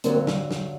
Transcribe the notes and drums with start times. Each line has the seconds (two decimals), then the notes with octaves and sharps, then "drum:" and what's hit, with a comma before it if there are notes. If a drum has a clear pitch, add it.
0.04 G2 D3 F#3 A#3 C4, drum: hi-hat
0.27 drum: snare
0.51 drum: snare